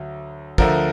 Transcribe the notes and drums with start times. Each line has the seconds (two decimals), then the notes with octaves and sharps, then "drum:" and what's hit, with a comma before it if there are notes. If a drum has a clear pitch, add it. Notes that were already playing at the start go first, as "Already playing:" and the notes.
Already playing: D2 F#3
0.58 D2 D3 F3 A#4, drum: kick